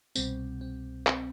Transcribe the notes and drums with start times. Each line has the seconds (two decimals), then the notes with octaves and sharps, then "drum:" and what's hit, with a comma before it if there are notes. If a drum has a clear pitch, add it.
0.15 C2 B2 G3 C4, drum: tambourine
0.61 C4
1.07 C4, drum: clap